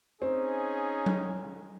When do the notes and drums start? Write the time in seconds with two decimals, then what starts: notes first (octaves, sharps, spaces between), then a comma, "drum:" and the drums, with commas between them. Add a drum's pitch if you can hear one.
0.22 C4 C#4 D#4 G#4
1.06 drum: tom F#3